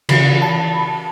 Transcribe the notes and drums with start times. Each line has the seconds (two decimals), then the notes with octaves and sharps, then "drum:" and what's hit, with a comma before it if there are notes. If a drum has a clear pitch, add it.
0.09 C#3 E3 B5, drum: cymbal
0.42 A5